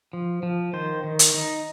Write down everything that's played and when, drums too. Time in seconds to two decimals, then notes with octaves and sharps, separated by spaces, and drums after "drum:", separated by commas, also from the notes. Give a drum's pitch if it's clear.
0.13 F3
0.43 F3
0.73 D#3 C5
1.04 D#3
1.19 drum: hi-hat
1.34 D#4